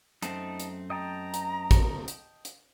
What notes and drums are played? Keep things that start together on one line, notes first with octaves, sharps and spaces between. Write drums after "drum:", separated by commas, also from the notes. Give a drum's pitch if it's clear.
F#2 A3 C4 D#4 A5, drum: hi-hat
drum: hi-hat
D#5 G5 A5 A#5
drum: hi-hat
drum: kick, hi-hat
drum: hi-hat
drum: hi-hat